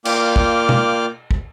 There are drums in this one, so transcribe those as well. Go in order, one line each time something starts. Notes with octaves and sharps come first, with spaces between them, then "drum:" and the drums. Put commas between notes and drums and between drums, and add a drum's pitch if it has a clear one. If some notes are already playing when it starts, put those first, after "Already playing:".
A#3 F4 D5 G5 D6 F6, drum: cymbal
drum: kick
drum: tom B2
drum: kick